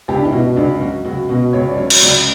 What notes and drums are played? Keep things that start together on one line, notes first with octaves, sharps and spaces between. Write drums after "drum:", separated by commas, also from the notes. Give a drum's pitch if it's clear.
C#2 G4
D4
E4
B2 F#4
C#2 D4
F#3 F#4
C#2 F#4
B2 F#4
C#2 C#5
D5
F#3 C#5
drum: cymbal
C#2 D5